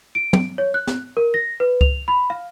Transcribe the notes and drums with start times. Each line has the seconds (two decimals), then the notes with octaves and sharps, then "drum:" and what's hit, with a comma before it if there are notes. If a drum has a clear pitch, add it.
0.15 D7
0.33 drum: tom
0.58 C#5
0.74 F#6
0.87 drum: snare
1.17 A#4
1.34 A#6
1.60 B4
1.81 F7, drum: kick C#2
2.08 B5
2.30 F5